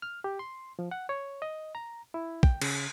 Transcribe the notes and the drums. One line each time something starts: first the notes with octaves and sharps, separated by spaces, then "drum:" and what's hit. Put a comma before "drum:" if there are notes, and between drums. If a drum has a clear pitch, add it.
F6
G4
C6
F3
F#5
C#5
D#5
A#5
E4
G5, drum: kick
C#3, drum: cymbal